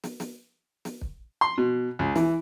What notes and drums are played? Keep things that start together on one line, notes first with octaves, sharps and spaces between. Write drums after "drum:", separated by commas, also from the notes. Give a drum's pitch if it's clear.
drum: snare
drum: snare
drum: snare
drum: kick
C6
B2
C#2
E3, drum: snare